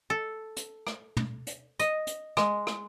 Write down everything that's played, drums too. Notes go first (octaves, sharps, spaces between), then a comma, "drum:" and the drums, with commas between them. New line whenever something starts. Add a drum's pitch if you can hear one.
A4
drum: hi-hat
drum: rim click
drum: tom
drum: hi-hat
D#5, drum: hi-hat
drum: hi-hat
G#3, drum: rim click
drum: rim click